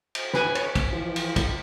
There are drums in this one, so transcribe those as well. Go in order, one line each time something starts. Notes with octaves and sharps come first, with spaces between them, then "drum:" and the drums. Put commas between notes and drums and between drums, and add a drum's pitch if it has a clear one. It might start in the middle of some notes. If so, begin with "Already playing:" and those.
drum: cymbal
B4 G#5, drum: snare
C#5, drum: cymbal
drum: kick, cymbal
E3 F3 F4
drum: cymbal
drum: kick, cymbal